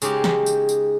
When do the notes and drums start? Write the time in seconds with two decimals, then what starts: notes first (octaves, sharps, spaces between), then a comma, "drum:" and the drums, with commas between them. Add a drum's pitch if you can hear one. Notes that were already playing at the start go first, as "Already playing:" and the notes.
0.02 C#3 G#3 D#4 G4, drum: tambourine
0.24 drum: snare
0.46 drum: tambourine
0.69 drum: tambourine